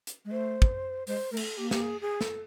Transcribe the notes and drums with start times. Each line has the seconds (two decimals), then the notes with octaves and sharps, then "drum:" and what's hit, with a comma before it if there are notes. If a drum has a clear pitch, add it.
0.07 drum: hi-hat
0.25 G#3
0.31 A3 C5
0.62 drum: kick
1.07 G#3 C5, drum: open hi-hat
1.31 A3 A#4
1.37 A4, drum: cymbal
1.57 A#3 G4
1.71 G4, drum: snare
1.82 G#4
2.01 G#4
2.21 A4, drum: snare